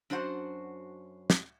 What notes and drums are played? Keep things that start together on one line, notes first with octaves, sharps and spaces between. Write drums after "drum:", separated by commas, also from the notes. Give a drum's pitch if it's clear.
F#2 D4 F#4 C5 F#5
drum: snare